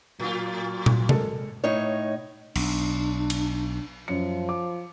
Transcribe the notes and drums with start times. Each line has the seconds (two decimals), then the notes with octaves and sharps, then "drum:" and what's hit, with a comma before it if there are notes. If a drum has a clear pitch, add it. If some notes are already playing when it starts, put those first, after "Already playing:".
0.20 A2 F#3 F4
0.86 drum: tom
1.09 G#3 A4 A#4, drum: tom C3
1.64 A2 D#4 C#5
2.55 B1 D4, drum: cymbal
3.30 drum: cymbal
4.08 F#2 F3 C#7
4.49 D6